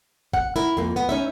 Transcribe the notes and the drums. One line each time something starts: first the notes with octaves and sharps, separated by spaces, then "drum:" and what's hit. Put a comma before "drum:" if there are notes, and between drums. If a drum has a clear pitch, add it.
F#5, drum: kick
E4 A#4
F2 A#3
B3
C#4 D#4 E5